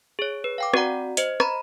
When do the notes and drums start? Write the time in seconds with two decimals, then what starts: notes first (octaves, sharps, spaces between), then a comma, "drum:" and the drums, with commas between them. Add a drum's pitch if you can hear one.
0.19 G#4 C#5
0.44 B4
0.58 F5 G5 D6
0.74 C4 F#4 D5 F#5 A#5, drum: rim click
1.17 C5 D#5, drum: hi-hat
1.40 A#5 B5, drum: rim click